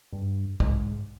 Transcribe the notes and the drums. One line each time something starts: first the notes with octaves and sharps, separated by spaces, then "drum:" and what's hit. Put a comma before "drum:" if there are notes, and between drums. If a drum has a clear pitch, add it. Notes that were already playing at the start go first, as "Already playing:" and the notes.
G2
G#2, drum: kick